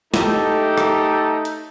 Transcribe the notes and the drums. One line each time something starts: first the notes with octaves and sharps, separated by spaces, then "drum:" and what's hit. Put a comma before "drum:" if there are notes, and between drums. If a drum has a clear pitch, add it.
A3 D#4 G4 A4, drum: snare
drum: rim click
drum: hi-hat